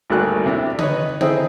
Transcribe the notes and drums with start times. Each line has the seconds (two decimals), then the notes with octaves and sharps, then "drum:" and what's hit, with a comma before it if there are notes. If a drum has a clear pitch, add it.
0.10 G#1 D2 G3 A3 A#3 F#6
0.46 C3 D4 E4
0.79 D#4 B4 C#5, drum: tom
1.21 C4 D#4 E4 G#4 A4, drum: tom